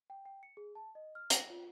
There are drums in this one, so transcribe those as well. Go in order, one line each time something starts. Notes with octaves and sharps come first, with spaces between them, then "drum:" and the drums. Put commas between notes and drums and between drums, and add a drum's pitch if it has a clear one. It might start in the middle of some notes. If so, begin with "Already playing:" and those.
G5
G5
C#7
G#4
A5
D#5
F6
A#6, drum: hi-hat
F4